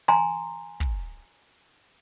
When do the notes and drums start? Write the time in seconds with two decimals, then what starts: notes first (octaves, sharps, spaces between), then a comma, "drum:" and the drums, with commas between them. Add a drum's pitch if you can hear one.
0.08 G#5 A#5 C6
0.80 drum: kick